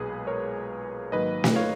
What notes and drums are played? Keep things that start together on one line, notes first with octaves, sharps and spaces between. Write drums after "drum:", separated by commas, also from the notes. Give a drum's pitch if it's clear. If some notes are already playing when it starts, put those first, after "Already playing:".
Already playing: B1 A#2 G#3 G#4 B4
A#4 C#5
G#2 D#3 F#3 A#3 B4 D#5
drum: snare
C#5 F5